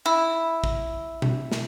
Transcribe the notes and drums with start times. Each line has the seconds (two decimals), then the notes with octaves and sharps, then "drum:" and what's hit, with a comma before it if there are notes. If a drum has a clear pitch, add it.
0.06 E4
0.64 drum: kick
1.22 drum: tom B2
1.52 drum: snare